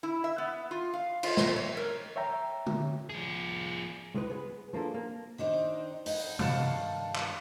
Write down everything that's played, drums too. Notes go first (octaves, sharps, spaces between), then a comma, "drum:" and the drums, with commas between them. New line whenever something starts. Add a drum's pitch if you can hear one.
E4
E5
B3
F4
F5
F4, drum: cymbal
drum: snare
C#5
A#4
C#5 E5 G5 A#5
drum: tom D3
F3 G#4
C#2 G#3 D#4 B4
B3 G#4
F3 A#3 D4 A4
A#3
D#3 D4 D#4 C5
D#4 B4, drum: open hi-hat
G2 D#3 G3 F5 F#5 A5, drum: tom
drum: clap